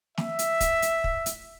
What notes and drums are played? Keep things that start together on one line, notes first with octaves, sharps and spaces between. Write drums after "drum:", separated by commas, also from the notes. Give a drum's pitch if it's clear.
E5, drum: snare
drum: hi-hat
drum: kick, hi-hat
drum: hi-hat
drum: kick
drum: hi-hat